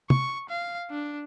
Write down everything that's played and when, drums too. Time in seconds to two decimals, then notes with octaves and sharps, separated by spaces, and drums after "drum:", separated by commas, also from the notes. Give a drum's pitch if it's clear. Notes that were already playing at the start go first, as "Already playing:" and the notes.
0.10 C#6, drum: tom
0.49 F5
0.90 D4